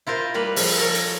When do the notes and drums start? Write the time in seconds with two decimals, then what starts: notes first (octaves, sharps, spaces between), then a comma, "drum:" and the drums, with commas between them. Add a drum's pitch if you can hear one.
0.07 E4 F4 A#4 C5
0.34 G3 A#3 B4
0.56 F3 G#4, drum: open hi-hat
0.78 A4 A#4 C#5
0.95 drum: hi-hat